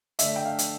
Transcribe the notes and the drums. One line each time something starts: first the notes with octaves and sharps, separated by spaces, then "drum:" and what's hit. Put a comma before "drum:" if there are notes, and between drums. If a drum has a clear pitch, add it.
D3 A3 D4 E5, drum: hi-hat
G5
F5
drum: hi-hat